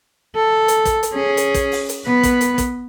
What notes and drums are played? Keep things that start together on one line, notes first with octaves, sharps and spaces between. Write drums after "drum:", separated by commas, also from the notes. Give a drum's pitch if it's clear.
A4
drum: hi-hat
drum: kick, hi-hat
drum: hi-hat
C#4 G#4
drum: hi-hat
drum: kick, hi-hat
drum: open hi-hat
drum: hi-hat
B3 B4, drum: snare
drum: kick, hi-hat
drum: hi-hat
drum: kick, hi-hat